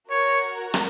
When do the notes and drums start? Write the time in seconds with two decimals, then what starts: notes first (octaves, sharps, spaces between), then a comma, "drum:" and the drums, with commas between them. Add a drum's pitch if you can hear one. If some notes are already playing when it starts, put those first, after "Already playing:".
0.11 F#4 A#4 C#5
0.74 drum: rim click